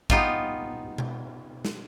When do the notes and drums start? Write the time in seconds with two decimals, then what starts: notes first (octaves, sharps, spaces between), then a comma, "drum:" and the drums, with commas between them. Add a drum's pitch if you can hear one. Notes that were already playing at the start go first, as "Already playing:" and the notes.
0.10 B3 D#4 F4 G4, drum: kick
0.98 drum: tom B2
1.65 drum: snare